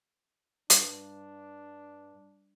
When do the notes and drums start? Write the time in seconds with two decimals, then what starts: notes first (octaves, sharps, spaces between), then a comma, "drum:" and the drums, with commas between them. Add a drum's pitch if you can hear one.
0.70 G2 D4, drum: hi-hat